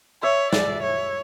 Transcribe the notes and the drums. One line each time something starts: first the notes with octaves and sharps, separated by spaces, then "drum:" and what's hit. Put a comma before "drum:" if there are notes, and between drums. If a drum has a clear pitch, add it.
C#5 E5
D5, drum: snare
C#5